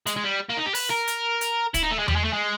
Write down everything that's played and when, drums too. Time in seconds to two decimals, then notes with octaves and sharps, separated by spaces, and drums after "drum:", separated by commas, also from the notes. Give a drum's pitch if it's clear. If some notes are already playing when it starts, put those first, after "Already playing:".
0.07 G#3, drum: hi-hat
0.17 G#3
0.24 G3
0.50 A#3
0.57 D#4
0.66 G4
0.75 B4, drum: open hi-hat
0.90 A#4
1.08 drum: hi-hat
1.41 drum: hi-hat
1.74 E4, drum: kick, hi-hat
1.83 D#4
1.91 A3
1.99 G#3
2.08 G3, drum: tom E2
2.16 G#3
2.25 A3
2.33 G#3